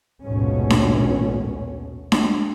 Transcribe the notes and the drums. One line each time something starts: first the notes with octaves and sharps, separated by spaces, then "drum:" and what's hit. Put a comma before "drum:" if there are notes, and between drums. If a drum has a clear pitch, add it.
A#1 D#2 G#2 B2 A3 C#4
drum: snare D4
drum: snare D4